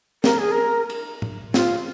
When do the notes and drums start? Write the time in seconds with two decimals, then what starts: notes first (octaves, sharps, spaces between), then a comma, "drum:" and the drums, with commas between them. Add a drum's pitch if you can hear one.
0.24 A#4, drum: snare
0.39 G#4
0.52 A#4
0.90 drum: cymbal
1.22 drum: tom
1.54 F4, drum: snare